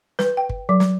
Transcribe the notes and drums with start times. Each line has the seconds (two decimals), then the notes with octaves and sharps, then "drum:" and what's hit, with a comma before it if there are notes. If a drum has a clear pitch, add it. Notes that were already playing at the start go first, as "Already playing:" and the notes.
0.19 B4, drum: snare
0.37 G5
0.49 drum: kick
0.69 F#3
0.80 drum: snare